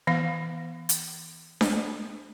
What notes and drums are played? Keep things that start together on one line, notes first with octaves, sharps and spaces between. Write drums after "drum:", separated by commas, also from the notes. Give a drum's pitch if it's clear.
E3 B3 F5
drum: hi-hat
drum: snare D4